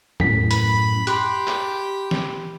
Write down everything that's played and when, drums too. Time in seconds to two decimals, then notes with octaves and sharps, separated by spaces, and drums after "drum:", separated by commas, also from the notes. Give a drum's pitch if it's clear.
0.20 F#2 A2 B6, drum: tom E2
0.51 B5, drum: hi-hat
1.07 G4 B5 C6 F#6, drum: hi-hat
1.48 drum: clap
2.11 drum: snare